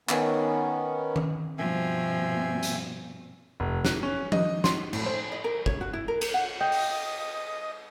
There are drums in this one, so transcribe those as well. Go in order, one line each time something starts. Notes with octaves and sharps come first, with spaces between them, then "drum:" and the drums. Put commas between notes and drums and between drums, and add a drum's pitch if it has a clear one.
D#3 B3 C#4, drum: clap
drum: tom D#3
G2 B2 F3 C4 E5 G5 G#5
drum: hi-hat
F1
F#6, drum: snare
C#4
D#5, drum: tom F3
C6, drum: snare
A2, drum: cymbal
C5
D#5
A#4
C#5, drum: kick
F#4
E4
A#4
A#4, drum: cymbal
F#5
D#5 G5
drum: open hi-hat